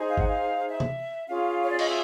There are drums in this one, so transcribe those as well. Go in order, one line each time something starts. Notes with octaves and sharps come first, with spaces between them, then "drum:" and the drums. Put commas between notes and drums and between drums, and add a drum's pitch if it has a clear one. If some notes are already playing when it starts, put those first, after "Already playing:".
Already playing: D#4 G#4 C5
F5
F#5, drum: kick G1
F5
E5
drum: tom
C#4 F4 G#4 F5
C#5
D5
D#5, drum: cymbal
E5